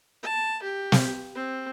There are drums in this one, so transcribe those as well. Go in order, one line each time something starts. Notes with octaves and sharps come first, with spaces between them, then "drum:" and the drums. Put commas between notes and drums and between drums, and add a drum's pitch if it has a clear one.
A5
G4
drum: snare
C4